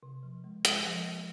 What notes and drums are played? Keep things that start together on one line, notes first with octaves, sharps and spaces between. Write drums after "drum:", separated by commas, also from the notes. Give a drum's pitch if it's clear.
C3
F3
G#3
G#3, drum: hi-hat
F3
A#3